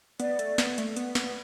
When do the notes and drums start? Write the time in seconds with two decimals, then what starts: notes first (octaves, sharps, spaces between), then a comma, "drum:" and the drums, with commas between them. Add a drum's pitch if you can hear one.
0.20 B3 D5, drum: hi-hat
0.39 A3, drum: hi-hat
0.58 B3, drum: snare
0.78 A3, drum: hi-hat
0.96 B3, drum: hi-hat
1.15 B3, drum: snare